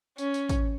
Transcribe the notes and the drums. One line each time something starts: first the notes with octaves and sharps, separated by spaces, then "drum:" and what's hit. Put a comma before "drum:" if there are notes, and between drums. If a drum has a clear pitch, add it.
C#4, drum: tambourine
drum: tambourine
drum: kick, tambourine